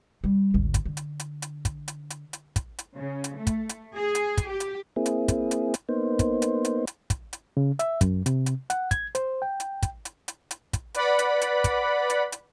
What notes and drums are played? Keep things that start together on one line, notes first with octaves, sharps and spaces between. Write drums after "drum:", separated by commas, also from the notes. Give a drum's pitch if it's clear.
G3
G#1 D2
drum: kick, hi-hat
D3
drum: hi-hat
drum: hi-hat
drum: hi-hat
drum: kick, hi-hat
drum: hi-hat
drum: hi-hat
drum: hi-hat
drum: kick, hi-hat
drum: hi-hat
C#3
drum: hi-hat
A3
drum: kick, hi-hat
drum: hi-hat
G#4
drum: hi-hat
drum: kick, hi-hat
G4
drum: hi-hat
A#3 C4 E4 G#4
drum: hi-hat
drum: kick, hi-hat
drum: hi-hat
drum: hi-hat
A#3 B3 D#4 C5
drum: kick, hi-hat
drum: hi-hat
drum: hi-hat
drum: hi-hat
drum: kick, hi-hat
drum: hi-hat
C#3
E5, drum: hi-hat
F#2, drum: kick, hi-hat
C3, drum: hi-hat
drum: hi-hat
F#5, drum: hi-hat
G#6, drum: kick, hi-hat
C5, drum: hi-hat
G5
drum: hi-hat
drum: kick, hi-hat
drum: hi-hat
drum: hi-hat
drum: hi-hat
drum: kick, hi-hat
B4 D5 F#5 B5, drum: hi-hat
drum: hi-hat
drum: hi-hat
drum: kick, hi-hat
drum: hi-hat
drum: hi-hat